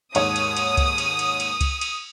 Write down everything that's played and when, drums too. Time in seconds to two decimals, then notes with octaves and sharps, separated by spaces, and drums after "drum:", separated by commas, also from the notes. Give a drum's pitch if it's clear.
0.15 D#2 G#2 C#5 D#6, drum: cymbal
0.36 drum: cymbal
0.57 drum: cymbal
0.77 drum: kick C#2, cymbal
0.98 drum: cymbal
1.19 drum: cymbal
1.40 drum: cymbal
1.61 drum: kick C#2, cymbal
1.81 drum: cymbal